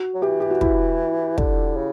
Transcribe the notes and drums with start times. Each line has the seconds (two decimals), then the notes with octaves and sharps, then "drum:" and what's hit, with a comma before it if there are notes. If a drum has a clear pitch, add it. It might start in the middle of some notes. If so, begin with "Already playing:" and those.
Already playing: F#4
0.14 F#3
0.22 E3 G4
0.40 G4
0.50 F#4
0.61 E4, drum: kick
1.38 D3, drum: kick
1.77 C#3